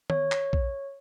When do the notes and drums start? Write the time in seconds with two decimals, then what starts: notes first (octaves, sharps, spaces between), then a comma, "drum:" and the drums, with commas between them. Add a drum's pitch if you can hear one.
0.10 C#5, drum: tom D#3
0.32 drum: clap
0.53 drum: kick A#1